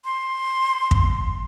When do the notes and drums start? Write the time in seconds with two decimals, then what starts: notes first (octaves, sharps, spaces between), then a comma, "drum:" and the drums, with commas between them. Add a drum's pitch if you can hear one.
0.05 C6
0.91 drum: kick